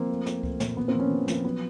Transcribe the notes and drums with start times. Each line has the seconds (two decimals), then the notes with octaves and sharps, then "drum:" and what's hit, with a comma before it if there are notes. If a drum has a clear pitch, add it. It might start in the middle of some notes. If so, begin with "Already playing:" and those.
Already playing: F3 A#3 C4
0.10 A3
0.26 A3, drum: snare
0.43 A3, drum: kick C#2
0.60 A#2, drum: snare
0.77 A#2 B3
0.88 A#3 C4
0.94 F3
0.99 B3 C#4
1.11 F3
1.28 F3, drum: snare
1.45 F#3 B3